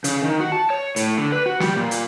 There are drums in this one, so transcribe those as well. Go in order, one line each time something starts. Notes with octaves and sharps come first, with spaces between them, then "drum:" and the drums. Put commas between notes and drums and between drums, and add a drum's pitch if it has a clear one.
C#3, drum: hi-hat
D#3
F#4
A5
C#5
A2, drum: hi-hat
D3
B4
F#4
G3, drum: snare
A#2
drum: hi-hat